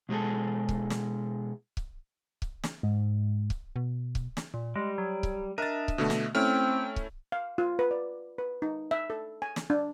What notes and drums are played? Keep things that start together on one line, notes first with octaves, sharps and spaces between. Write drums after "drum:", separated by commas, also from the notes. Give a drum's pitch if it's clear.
B2 G#3 G#4 A4
drum: kick C#1
drum: snare
drum: kick C#1
drum: kick C#1
drum: snare
G#2
drum: kick C#1
B2
drum: kick C#1
drum: snare
A#2
G3 G#3
F#3
drum: kick C#1
D4 A#4 D#5 E5 A6
drum: kick C#1
B2 D3 A3
drum: snare
A3 C4 C#4 E4 G5 F6
drum: kick C#1
F5
F4
B4
D5
B4
D#4
E5
A4
G#5
drum: snare
D4